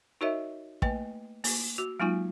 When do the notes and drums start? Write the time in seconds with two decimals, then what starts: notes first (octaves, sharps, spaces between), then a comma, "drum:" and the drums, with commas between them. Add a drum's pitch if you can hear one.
0.21 D#4 F#4 A#4 C#5 D#5 E5
0.82 A3 A#3 B4 D#5 G5, drum: kick
1.44 A#3, drum: open hi-hat
1.78 F#4 D6
2.00 F#3 G#3 A#3 D#4 F4 G#5